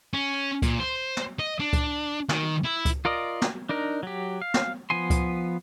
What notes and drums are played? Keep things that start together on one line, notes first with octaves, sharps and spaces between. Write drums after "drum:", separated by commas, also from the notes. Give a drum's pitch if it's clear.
C#4
A#2, drum: kick C#2, hi-hat
C5
drum: snare
D#5
D4
drum: kick C#2, hi-hat
D#3, drum: snare
E4
drum: kick C#2, hi-hat
F4 A#4 D5 D#5
drum: snare
D4 D#4 A#4
F#3 G4
F5
drum: snare
F3 B3 G#5 C6
drum: kick C#2, hi-hat